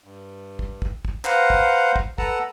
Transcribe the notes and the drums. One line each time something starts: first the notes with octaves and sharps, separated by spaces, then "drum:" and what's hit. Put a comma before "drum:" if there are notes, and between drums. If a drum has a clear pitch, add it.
G2
drum: kick
drum: kick
drum: kick
B4 C5 F5 F#5 A#5, drum: clap
drum: kick
drum: kick
A4 B4 F#5 A5 A#5, drum: kick